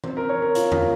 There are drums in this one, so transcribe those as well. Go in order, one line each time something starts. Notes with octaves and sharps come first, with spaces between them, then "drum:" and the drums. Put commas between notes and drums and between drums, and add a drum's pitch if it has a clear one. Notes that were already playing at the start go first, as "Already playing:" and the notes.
C4, drum: tom E3
A#4
C#5
A#4
F4, drum: hi-hat
F4, drum: tom E2